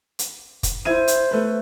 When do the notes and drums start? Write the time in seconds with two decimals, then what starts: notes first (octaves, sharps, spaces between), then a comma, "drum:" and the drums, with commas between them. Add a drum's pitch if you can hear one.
0.19 drum: hi-hat
0.63 drum: kick, hi-hat
0.85 E4 C5 G#6 D#7
1.08 drum: hi-hat
1.31 A3 B4